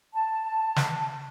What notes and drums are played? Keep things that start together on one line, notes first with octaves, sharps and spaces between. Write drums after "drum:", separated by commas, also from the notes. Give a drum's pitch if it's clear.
A5
drum: snare